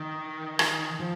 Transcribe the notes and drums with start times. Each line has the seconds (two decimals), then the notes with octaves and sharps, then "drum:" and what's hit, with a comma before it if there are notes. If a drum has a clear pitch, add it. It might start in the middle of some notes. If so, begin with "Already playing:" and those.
Already playing: D#3
0.59 drum: rim click
1.00 F3